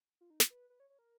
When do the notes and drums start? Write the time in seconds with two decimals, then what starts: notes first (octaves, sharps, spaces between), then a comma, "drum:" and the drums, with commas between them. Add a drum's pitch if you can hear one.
0.21 F4
0.30 D#4
0.40 F4, drum: snare
0.50 B4
0.70 B4
0.80 C#5
0.90 C#5
0.99 A#4